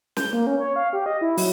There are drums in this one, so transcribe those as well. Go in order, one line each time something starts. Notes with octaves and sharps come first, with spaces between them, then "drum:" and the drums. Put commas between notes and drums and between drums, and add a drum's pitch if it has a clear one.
G6, drum: snare
A#3
C#4
C#5
F5
G4
D#5
E4
F#3, drum: open hi-hat